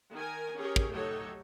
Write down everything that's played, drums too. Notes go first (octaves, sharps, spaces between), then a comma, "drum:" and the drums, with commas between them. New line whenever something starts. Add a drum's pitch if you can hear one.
D#3 A#4 G#5
C#4 G4 G#4 A#4 C#5
drum: kick
F#3 A3 D#4 G4 A4 C#5